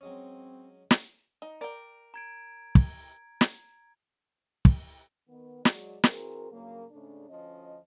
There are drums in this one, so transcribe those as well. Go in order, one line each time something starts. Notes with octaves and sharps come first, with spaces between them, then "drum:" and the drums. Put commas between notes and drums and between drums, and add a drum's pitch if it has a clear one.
F#3 G#3 C4 C#4
drum: snare
D#4
A#4 D5 G5
A#5 G#6 D7
drum: kick
drum: snare
drum: kick
D#3 B3
F#3 G#3 D5, drum: snare
E3 C4 F#4 G#4 A#4, drum: snare
G2 C#3 F#3 A#3
G#2 C#3 A3 C#4 D4
D2 F3 C#4 D#5